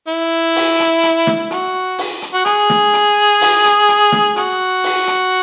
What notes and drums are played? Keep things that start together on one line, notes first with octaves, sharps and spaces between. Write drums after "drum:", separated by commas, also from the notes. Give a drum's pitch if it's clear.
E4
drum: open hi-hat
drum: hi-hat
drum: hi-hat
drum: snare
F#4, drum: hi-hat
drum: open hi-hat
drum: hi-hat
F#4
G#4, drum: hi-hat
drum: snare
drum: hi-hat
drum: open hi-hat
drum: hi-hat
drum: hi-hat
drum: snare
F#4, drum: hi-hat
drum: open hi-hat
drum: hi-hat